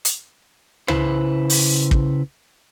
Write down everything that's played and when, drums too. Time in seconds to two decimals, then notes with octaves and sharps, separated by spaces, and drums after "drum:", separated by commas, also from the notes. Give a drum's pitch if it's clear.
0.05 drum: hi-hat
0.88 C#3 E4 B4 C5, drum: tom
1.50 drum: open hi-hat
1.91 drum: kick